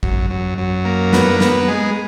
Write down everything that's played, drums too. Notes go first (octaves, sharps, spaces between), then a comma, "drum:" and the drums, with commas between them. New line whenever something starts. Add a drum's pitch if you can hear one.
F#2, drum: kick A1
F#2
F#2
A#3
B3, drum: snare
B3, drum: snare
G#3